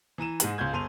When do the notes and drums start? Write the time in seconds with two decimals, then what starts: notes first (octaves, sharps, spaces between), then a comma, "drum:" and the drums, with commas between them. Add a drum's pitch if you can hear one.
0.18 E3 A#5 D#7 E7
0.40 G#2 G#3 F#7, drum: hi-hat
0.58 C#2 F4 G6 G#6
0.73 G1 C6 D#7 F7